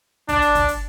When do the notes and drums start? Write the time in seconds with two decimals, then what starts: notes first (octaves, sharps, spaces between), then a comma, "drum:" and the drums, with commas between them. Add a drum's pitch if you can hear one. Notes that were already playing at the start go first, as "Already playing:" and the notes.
0.29 D4, drum: kick, hi-hat
0.42 drum: hi-hat
0.55 drum: kick, hi-hat
0.68 drum: hi-hat